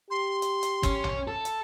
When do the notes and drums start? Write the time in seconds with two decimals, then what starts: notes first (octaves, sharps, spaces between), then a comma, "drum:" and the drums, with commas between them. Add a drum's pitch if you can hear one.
0.10 G4 C6
0.42 drum: hi-hat
0.63 drum: hi-hat
0.83 C#4, drum: kick G1, hi-hat
1.04 drum: tom A#1
1.27 A4
1.45 drum: hi-hat